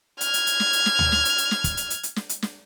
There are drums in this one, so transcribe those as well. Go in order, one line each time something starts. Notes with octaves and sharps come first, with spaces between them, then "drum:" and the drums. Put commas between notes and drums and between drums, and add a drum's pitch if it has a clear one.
F6 G#6, drum: hi-hat
drum: hi-hat
drum: hi-hat
drum: snare
drum: hi-hat
drum: snare
drum: tom D2
drum: snare
drum: hi-hat
drum: hi-hat
drum: snare
drum: kick, hi-hat
drum: hi-hat
drum: hi-hat
drum: hi-hat
drum: snare
drum: hi-hat
drum: snare